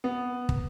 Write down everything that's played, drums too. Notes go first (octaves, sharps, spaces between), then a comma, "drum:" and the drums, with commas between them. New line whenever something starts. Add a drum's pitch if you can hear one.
B3
drum: kick